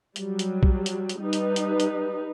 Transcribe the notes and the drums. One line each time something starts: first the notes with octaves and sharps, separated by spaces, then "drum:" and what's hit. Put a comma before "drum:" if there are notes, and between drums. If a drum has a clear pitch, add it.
F#3 G3, drum: hi-hat
drum: hi-hat
drum: kick
drum: hi-hat
drum: hi-hat
G3 D#4 B4
drum: hi-hat
drum: hi-hat
drum: hi-hat